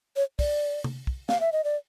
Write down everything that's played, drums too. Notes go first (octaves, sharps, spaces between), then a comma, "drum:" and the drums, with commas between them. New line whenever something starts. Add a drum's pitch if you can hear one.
C#5
D5, drum: kick, open hi-hat
drum: tom C3
drum: kick
F5, drum: snare
E5
D#5
D5